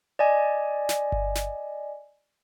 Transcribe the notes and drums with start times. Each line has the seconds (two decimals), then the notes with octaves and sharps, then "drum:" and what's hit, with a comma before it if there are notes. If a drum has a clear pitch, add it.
0.19 D5 D#5 G#5
0.89 drum: snare
1.12 drum: kick G1
1.36 drum: snare